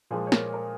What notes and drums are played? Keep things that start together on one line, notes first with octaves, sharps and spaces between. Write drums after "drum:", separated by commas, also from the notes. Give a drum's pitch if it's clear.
A#2 F3 G#3 G#4
C#5
A#4, drum: snare
A#4